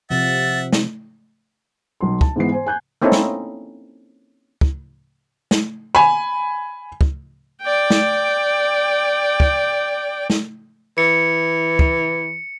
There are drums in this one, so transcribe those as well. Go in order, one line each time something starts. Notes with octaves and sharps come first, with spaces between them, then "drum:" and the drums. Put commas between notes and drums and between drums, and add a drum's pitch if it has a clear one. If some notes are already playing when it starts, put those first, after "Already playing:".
C3 F3 E5 F#5 A6
drum: snare
B1 C6
A5, drum: kick
G#2 E3 B3 C7
C5 G#5
G#5 F#6 G6
A#3 C4 C#4 D#4 E4 A4
drum: snare
drum: kick
drum: snare
G#5 B5
drum: kick
D5 G5
drum: snare
drum: kick
drum: snare
E3 C#7
drum: kick